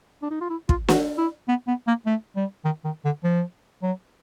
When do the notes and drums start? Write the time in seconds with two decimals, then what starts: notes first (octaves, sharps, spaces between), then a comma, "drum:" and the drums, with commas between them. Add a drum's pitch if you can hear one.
0.22 D4
0.31 D#4
0.41 F4
0.50 E4
0.69 F4, drum: kick
0.88 F#4, drum: snare
1.18 E4
1.48 B3
1.67 B3
1.87 A#3
2.06 A3
2.36 G3
2.65 D#3
2.85 D#3
3.05 D3
3.24 F3
3.83 F#3